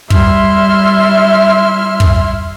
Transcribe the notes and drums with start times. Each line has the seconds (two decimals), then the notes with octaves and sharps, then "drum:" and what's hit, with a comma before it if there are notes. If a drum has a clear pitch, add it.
0.10 G3 E4 E5 C6 F6, drum: kick
2.00 drum: kick